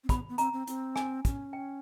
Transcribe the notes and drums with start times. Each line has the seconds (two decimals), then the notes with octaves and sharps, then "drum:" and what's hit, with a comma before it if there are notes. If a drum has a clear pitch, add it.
0.04 C4
0.09 B3 B5, drum: kick, hi-hat
0.29 B3
0.38 C4 A#5, drum: hi-hat
0.53 C4
0.67 C4, drum: hi-hat
0.96 G#5, drum: rim click
1.25 C#4, drum: kick, hi-hat
1.53 G5